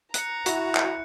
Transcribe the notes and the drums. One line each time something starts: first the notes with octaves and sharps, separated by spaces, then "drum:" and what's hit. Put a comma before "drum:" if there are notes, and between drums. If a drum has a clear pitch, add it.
A#5 F#6 C#7, drum: hi-hat
E4 F#4, drum: hi-hat
drum: clap